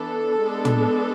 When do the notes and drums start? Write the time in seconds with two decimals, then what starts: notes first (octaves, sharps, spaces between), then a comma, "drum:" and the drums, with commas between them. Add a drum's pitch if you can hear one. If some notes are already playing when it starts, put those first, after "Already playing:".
Already playing: E3 B3 D4 A4
0.40 G#3 B3 D4
0.65 drum: tom